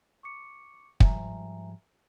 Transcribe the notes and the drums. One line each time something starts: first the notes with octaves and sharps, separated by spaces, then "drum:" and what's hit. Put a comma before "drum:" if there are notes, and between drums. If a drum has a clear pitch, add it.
C#6 D6 C#7
G#2 F3 G3 E5 G#5 A#5, drum: kick